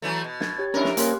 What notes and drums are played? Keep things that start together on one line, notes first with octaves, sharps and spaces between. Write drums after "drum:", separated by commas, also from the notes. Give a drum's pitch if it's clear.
E3 F#3 A3
B2
G#6 A6, drum: snare
G4 C#5
C#4 D4 E4 A#4
drum: snare
A#3 C#4 G4 C6 F#6, drum: hi-hat